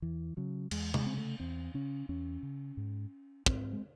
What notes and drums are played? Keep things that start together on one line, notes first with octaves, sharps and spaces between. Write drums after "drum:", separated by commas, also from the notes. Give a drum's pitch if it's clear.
E2 E3
C#3 F#3
E2 G#3, drum: cymbal
G#3, drum: tom C3
C#3 C4
A3
E2 C4
C#3 C#4
E2 C#4
C#3
G#2
G#2 C4, drum: kick
G#3